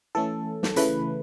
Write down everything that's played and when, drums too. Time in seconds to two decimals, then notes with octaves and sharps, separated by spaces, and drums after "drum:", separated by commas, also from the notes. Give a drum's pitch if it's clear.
0.15 E3 A3 C#4 A4
0.63 drum: snare
0.76 C#3 E3 A3 B4, drum: hi-hat